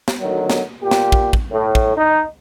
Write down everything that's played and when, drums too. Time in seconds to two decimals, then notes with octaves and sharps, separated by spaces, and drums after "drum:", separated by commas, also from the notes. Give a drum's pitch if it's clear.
0.08 drum: snare
0.21 D2 D#3 F#3
0.50 drum: snare
0.82 A#2 G4
0.91 drum: snare
1.12 drum: kick
1.33 drum: kick
1.51 A2
1.75 drum: kick
1.96 D#4